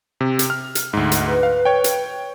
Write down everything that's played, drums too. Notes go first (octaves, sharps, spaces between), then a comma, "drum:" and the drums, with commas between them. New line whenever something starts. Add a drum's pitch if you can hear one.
C3
drum: hi-hat
F6
drum: hi-hat
D2 G#2
drum: hi-hat
B4
F5
C#5 G5
drum: hi-hat